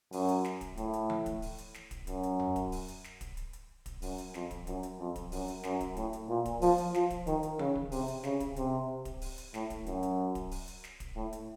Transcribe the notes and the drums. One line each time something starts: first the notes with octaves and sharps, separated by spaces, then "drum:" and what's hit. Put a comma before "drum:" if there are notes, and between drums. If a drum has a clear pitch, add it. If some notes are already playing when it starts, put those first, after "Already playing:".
F#2, drum: open hi-hat
drum: hi-hat
drum: snare
drum: kick D1, hi-hat
A2, drum: hi-hat
drum: hi-hat
drum: tom E3
drum: kick D1, hi-hat
drum: open hi-hat
drum: hi-hat
drum: snare
drum: kick D1, hi-hat
F#2, drum: hi-hat
drum: hi-hat
drum: tom F2
drum: kick D1, hi-hat
drum: open hi-hat
drum: hi-hat
drum: snare
drum: kick D1, hi-hat
drum: hi-hat
drum: hi-hat
drum: kick D1, hi-hat
F#2, drum: open hi-hat
drum: hi-hat
F2, drum: snare
drum: kick D1, hi-hat
F#2, drum: hi-hat
drum: hi-hat
F2
drum: kick D1, hi-hat
F#2, drum: open hi-hat
drum: hi-hat
F#2, drum: snare
drum: kick D1, hi-hat
A2, drum: hi-hat
drum: hi-hat
A#2
drum: kick D1, hi-hat
F3, drum: open hi-hat
drum: hi-hat
F3, drum: snare
drum: kick D1, hi-hat
D#3, drum: hi-hat
drum: hi-hat
C#3, drum: tom E3
drum: kick D1
C3, drum: open hi-hat
drum: hi-hat
C#3, drum: snare
drum: kick D1, hi-hat
C3, drum: hi-hat
drum: kick D1, hi-hat
drum: open hi-hat
drum: hi-hat
A2, drum: snare
drum: kick D1, hi-hat
F#2, drum: hi-hat
drum: hi-hat
drum: kick D1, hi-hat
drum: open hi-hat
drum: hi-hat
drum: snare
drum: kick D1, hi-hat
A2
drum: hi-hat